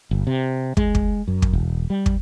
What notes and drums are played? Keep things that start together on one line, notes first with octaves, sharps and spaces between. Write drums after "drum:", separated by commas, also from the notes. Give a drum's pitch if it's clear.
G1
C3
G#3, drum: kick
drum: kick
F#2
drum: kick
E1
G3
drum: kick